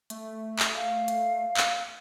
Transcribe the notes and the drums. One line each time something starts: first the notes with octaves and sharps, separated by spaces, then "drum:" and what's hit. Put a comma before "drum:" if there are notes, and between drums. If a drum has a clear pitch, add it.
A3, drum: hi-hat
drum: clap
F5
drum: hi-hat
drum: clap